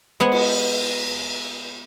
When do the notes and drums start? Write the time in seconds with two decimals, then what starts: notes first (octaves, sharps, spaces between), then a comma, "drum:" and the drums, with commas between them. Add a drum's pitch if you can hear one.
0.20 G#3 B3 F#5 G#5
0.32 drum: cymbal